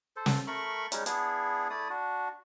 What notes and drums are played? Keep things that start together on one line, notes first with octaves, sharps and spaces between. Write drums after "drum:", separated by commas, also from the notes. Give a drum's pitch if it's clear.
A4 C5
drum: snare
A3 A#4 B5 C#6
G3 G#3 C#4 D#4, drum: hi-hat
B3 D4 E4 G#4, drum: hi-hat
A3 E4 D5 D#6
D4 F#4